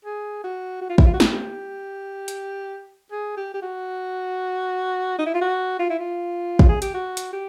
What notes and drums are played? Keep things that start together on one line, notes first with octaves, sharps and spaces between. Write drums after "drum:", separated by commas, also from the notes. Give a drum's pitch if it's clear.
G#4
F#4
F#4
F4
E4, drum: kick
F4
F#4
G4, drum: snare
drum: hi-hat
G#4
G4
G4
F#4
D#4
E4
F4
F#4
F4
E4
F4
drum: kick
G#4
G4, drum: hi-hat
F#4
drum: hi-hat
G4